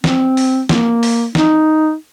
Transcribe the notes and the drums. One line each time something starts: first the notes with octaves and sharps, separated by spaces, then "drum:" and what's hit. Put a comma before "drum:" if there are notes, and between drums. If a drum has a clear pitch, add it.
C4, drum: snare
drum: open hi-hat
A#3, drum: snare
drum: open hi-hat
D#4, drum: snare